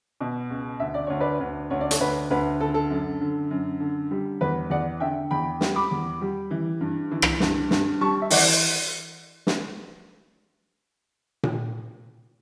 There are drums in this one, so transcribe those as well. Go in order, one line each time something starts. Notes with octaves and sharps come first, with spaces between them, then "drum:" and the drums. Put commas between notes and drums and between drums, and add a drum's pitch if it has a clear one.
B2
C#2
D2 E5
D5
D2 C#5
B4 D5
D2
D2 C#5
D5
A4 C#5, drum: hi-hat
D2 B4
D2 B4
D3 A4
A4
F#2
D3
F#2
D3
G3
E2 B4
E2 D5 F#5
D3 E5 G5
E2 G5 B5
G3, drum: snare
B5 D6
E2
G3
E3
G2
E3
drum: rim click
G2, drum: snare
G2, drum: snare
G3 A5 C#6
E5
E3 D5 F#5, drum: open hi-hat
drum: snare
drum: tom A#2